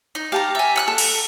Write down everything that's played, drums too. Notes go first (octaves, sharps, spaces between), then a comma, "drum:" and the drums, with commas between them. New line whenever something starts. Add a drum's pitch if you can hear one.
D#4
G4 F5 A5 A#5
E5 G#5
F#5 E6 F#6
A4
drum: cymbal